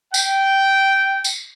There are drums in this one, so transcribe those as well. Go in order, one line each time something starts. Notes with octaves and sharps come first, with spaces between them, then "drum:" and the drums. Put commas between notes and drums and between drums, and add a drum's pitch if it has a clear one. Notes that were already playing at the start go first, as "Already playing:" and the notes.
G5, drum: tambourine
drum: tambourine